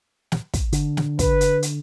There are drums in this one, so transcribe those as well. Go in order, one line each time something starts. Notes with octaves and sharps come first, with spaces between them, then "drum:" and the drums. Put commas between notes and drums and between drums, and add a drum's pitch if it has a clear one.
drum: snare
drum: kick, hi-hat
D3, drum: hi-hat
drum: snare
B4, drum: kick, hi-hat
drum: hi-hat
drum: hi-hat